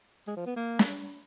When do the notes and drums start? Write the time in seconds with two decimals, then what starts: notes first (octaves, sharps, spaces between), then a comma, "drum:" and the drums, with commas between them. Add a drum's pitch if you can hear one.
0.27 G#3
0.37 F3
0.46 B3
0.56 A#3
0.79 drum: snare